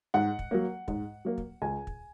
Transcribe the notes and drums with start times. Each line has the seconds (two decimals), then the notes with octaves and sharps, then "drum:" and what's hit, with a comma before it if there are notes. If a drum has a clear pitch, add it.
0.14 G#2 F#5
0.39 drum: kick
0.51 F#3 A#3
0.88 G#2, drum: kick
1.25 F#3 A#3
1.38 drum: kick
1.62 C#2 G#5
1.87 drum: kick